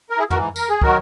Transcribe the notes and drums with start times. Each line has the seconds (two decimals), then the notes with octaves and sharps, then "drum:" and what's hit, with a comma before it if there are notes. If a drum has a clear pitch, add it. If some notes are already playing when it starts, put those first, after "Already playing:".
0.10 A#4
0.18 E4 G#4
0.30 G#2 E3 F#4 A#4, drum: tom
0.56 A#4, drum: tambourine
0.69 G#4
0.82 D#3 F#3 F#4 A#4, drum: kick